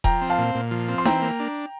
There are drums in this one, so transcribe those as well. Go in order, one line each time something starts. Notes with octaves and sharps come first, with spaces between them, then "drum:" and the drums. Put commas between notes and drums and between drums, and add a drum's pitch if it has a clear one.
F3 G5 A#5, drum: kick D#1
C4
F5 A5
A#2
A#2
F3
C4
C6
E3 G5 A#5, drum: snare D#4
A#3
D4